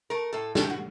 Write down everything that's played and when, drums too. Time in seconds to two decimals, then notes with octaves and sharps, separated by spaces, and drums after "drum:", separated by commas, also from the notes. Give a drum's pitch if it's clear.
0.10 A3 A#4
0.33 A2 A4
0.55 A3 A4, drum: snare
0.63 G4
0.70 F#4